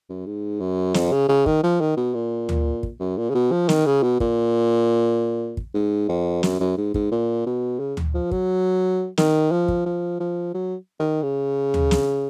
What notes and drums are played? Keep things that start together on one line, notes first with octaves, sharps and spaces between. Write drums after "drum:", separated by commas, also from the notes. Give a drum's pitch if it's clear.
F#2
G#2
F#2
F2, drum: snare
C#3
C#3
D#3, drum: kick
F3
D#3
B2
A#2
drum: tom D2
drum: kick
F#2
A#2
C#3
B2
F3
D#3, drum: snare
C#3
B2
A#2, drum: kick
drum: kick
G#2
F2
F#2, drum: snare
F#2
G#2
G#2, drum: kick
A#2
B2
C#3
drum: tom D2
F3
F#3, drum: kick
D#3, drum: snare
F3
drum: kick
F3
F3
F#3
D#3
C#3
drum: tom D2
drum: snare